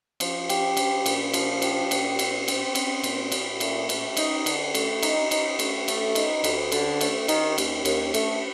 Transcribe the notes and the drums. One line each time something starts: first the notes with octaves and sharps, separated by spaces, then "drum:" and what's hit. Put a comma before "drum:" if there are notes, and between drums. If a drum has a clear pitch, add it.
F3, drum: cymbal
G4, drum: cymbal
F3, drum: cymbal
A#2, drum: cymbal
F3, drum: cymbal
G4, drum: cymbal
A#2, drum: cymbal
C4, drum: cymbal
C4, drum: cymbal
C4, drum: cymbal
A#2, drum: cymbal
A#2, drum: cymbal
A3, drum: cymbal
A3, drum: cymbal
D#4, drum: cymbal
D3, drum: cymbal
A3, drum: cymbal
D#4, drum: cymbal
D#4, drum: cymbal
A3, drum: cymbal
A3, drum: cymbal
D#4, drum: cymbal
D2, drum: cymbal
D3, drum: cymbal
A3, drum: cymbal
D#3, drum: cymbal
D#2, drum: cymbal
D#2, drum: cymbal
A3, drum: cymbal